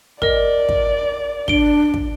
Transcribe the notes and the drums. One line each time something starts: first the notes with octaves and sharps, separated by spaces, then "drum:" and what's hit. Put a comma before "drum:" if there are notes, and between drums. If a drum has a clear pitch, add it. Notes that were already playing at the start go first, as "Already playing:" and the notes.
A#4 D5 D#5, drum: kick
drum: kick
D4 D7 G7, drum: kick
drum: kick